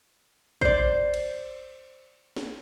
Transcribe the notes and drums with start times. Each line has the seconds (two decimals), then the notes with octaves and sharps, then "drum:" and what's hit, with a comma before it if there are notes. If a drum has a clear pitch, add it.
0.61 C5 D5, drum: kick
1.14 drum: cymbal
2.36 drum: snare